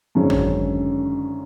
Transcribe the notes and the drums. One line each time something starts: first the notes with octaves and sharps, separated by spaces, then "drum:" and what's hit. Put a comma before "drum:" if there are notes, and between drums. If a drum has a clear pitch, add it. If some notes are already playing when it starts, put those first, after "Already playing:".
G#1 F#2 D3 G#3 C#4
drum: tom